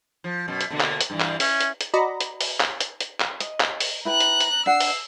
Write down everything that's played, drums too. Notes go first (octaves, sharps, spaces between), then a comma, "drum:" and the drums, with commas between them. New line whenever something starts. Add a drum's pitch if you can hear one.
F3
F#2 B2
drum: hi-hat
B2 D3 A#3
drum: clap
drum: hi-hat
G2 E3
drum: clap
C#4 E5, drum: open hi-hat
drum: hi-hat
drum: hi-hat
F#4 D5 D#5 A#5 B5
drum: hi-hat
drum: open hi-hat
drum: clap
drum: hi-hat
drum: hi-hat
drum: clap
D#5, drum: hi-hat
drum: clap
drum: open hi-hat
E4 B4 G5 A#5 F#6
drum: hi-hat
drum: hi-hat
D4 F#5 E6 C7
drum: open hi-hat